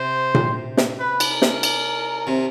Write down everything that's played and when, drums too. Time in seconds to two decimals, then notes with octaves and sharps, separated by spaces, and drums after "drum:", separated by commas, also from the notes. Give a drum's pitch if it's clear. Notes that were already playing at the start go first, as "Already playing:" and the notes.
Already playing: C3 C5
0.35 drum: tom A#2
0.77 drum: snare
0.99 B4
1.20 drum: cymbal
1.31 A#4
1.42 drum: snare
1.63 drum: cymbal
2.27 C3